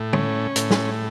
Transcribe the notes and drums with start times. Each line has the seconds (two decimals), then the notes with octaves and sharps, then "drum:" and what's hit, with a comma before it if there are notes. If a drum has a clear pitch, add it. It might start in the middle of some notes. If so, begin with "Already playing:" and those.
Already playing: A2
0.13 C#4, drum: tom
0.56 A2, drum: hi-hat
0.71 drum: snare